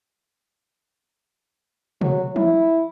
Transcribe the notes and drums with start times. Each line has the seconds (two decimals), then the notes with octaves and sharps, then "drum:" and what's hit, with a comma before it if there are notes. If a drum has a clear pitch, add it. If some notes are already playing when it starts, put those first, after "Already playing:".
2.01 F#3, drum: tom B2
2.36 E4, drum: tom E3